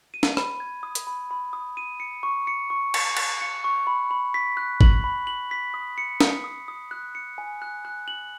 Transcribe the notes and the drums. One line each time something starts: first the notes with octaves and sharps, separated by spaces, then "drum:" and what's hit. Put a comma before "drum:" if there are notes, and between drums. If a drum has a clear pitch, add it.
D#7
drum: snare
B5, drum: rim click
G#6
D#6
drum: hi-hat
B5
B5
D#6
D#7
C#7
C#6
C#7
C#6
C#7, drum: cymbal
F#6, drum: cymbal
C#7
C#6
B5
B5
B6
F#6
F#7, drum: kick G#1
B5
F#7
B6
D#6
C#7
D#6, drum: snare
D#6
D#6
F#6
C#7
G#5
F#6
F#6
F#7